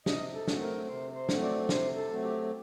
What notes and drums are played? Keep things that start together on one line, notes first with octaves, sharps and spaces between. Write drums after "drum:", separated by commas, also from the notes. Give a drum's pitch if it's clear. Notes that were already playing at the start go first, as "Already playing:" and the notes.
C3 D#5, drum: snare
A4
F#3 A3 C4, drum: snare
A#4
C3 C5
C5
F#3 A3 C4, drum: snare
D5
C3 C5, drum: snare
A4
F#3 A3 C4
G4